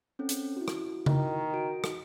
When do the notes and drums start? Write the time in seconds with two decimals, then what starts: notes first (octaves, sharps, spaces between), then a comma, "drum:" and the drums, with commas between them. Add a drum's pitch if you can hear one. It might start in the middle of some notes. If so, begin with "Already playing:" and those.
0.19 C4 C#4 A4
0.29 drum: hi-hat
0.56 E4 F#4
0.68 drum: rim click
1.06 D#3, drum: tom C#3
1.54 F#4 D7
1.84 drum: rim click